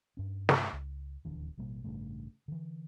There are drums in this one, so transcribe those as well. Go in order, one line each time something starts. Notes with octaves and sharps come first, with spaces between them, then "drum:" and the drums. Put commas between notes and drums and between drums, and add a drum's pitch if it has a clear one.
G2 C#4
drum: snare
C#2
D1 D#2 D3 E3
A1 B2 G3 A#3
A1 G2 C#3 A3
D3 E3